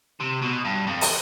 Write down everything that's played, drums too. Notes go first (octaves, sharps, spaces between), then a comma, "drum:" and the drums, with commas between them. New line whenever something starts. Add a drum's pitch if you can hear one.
C3
B2
G2
F2
drum: open hi-hat